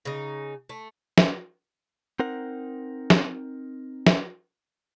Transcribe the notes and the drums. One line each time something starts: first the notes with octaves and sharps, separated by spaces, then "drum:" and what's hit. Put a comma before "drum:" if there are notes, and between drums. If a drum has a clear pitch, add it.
C#3 D#4
A3
drum: snare
C4 D#4 A#4 F#5
drum: snare
drum: snare